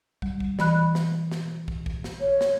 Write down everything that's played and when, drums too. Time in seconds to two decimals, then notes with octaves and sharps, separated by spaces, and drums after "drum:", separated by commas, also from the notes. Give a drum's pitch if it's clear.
0.22 G3, drum: kick
0.40 drum: kick
0.59 E3 B5 F#6, drum: snare
0.95 drum: snare
1.31 drum: snare
1.68 drum: kick
1.86 drum: kick
2.04 drum: snare
2.21 C#5
2.41 drum: snare